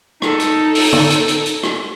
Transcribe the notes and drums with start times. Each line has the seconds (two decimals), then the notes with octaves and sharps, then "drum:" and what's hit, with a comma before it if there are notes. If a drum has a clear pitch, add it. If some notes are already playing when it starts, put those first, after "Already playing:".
0.22 D#4 A4, drum: rim click
0.40 drum: hi-hat
0.75 drum: open hi-hat
0.93 drum: tom
1.10 drum: hi-hat
1.28 drum: hi-hat
1.46 drum: hi-hat
1.63 drum: rim click